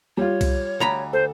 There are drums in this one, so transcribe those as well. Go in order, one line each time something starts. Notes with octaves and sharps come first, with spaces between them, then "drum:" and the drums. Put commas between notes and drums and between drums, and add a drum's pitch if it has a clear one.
G3 F4 C#5
drum: kick C2, cymbal
D2 A#5 B5
A4 C5